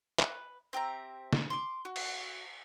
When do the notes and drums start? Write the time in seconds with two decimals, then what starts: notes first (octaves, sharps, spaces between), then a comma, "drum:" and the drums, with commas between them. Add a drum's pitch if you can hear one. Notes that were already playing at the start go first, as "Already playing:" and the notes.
0.19 B4, drum: clap
0.73 C4 G4 E5 A#5
1.33 drum: snare
1.50 C6 D6
1.85 F#4
1.96 drum: cymbal